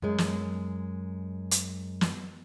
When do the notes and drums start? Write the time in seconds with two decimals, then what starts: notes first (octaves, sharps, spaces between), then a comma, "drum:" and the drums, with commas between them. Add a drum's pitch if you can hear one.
0.02 F#2 G#3
0.18 drum: snare
1.51 drum: hi-hat
2.01 drum: snare